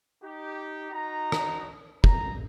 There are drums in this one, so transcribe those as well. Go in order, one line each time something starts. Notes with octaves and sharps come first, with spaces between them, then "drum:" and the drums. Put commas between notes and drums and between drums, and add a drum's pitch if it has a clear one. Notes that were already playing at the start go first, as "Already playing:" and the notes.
D#4 G4
D#4 F#4 A#5
drum: rim click
A#5, drum: kick